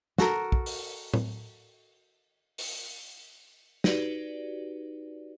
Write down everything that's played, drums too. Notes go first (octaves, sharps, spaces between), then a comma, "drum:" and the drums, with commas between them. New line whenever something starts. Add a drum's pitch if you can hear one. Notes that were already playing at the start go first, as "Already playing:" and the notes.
F#4 A4 A#4, drum: snare
drum: kick
drum: open hi-hat
drum: tom A2
drum: open hi-hat
D#4 F#4 G4 B4 D5, drum: snare